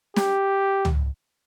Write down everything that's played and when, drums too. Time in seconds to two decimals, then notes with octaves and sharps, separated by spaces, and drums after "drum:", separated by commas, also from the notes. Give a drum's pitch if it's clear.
0.16 G4, drum: snare
0.85 drum: tom C#2